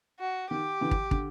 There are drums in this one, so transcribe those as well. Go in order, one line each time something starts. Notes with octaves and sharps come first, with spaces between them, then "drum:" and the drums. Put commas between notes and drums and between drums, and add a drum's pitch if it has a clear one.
F#4
D#3 G4
D3 E3
drum: kick
D3, drum: kick